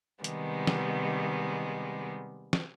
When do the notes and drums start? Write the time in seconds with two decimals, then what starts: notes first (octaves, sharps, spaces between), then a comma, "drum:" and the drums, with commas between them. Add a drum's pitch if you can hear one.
0.24 C3 D#3 G3 G#3 B3, drum: hi-hat
0.67 drum: snare
2.53 drum: snare